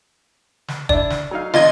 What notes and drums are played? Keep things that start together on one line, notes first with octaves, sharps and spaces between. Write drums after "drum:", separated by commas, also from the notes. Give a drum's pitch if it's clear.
drum: snare
D4 E4 D5, drum: kick
drum: snare
F#3 D#4 F5
A1 B3 D4 F4 D#5 C6 G#6, drum: snare